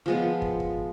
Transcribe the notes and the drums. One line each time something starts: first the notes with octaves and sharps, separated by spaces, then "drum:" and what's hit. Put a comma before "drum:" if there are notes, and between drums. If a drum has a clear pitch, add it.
F3 G#3 B3
drum: kick
drum: kick